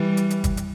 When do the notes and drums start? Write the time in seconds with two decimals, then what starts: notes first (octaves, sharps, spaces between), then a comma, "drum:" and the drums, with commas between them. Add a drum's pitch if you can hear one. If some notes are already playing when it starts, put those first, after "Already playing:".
Already playing: E3 G3
0.17 drum: hi-hat
0.30 drum: hi-hat
0.44 drum: kick, hi-hat
0.57 drum: hi-hat